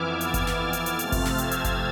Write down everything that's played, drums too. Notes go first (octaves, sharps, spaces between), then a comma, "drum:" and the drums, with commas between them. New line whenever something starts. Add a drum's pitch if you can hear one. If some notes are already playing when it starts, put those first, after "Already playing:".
Already playing: F2 E3 B3 D6 E6 F6 G#6
F6 A6, drum: hi-hat
drum: kick G1, hi-hat
drum: snare
F6 A6
drum: hi-hat
drum: hi-hat
C3 F3 A3 C4 F6 A6, drum: hi-hat
drum: kick G1, open hi-hat
drum: snare
E6 G#6, drum: hi-hat
drum: hi-hat
drum: kick G1, hi-hat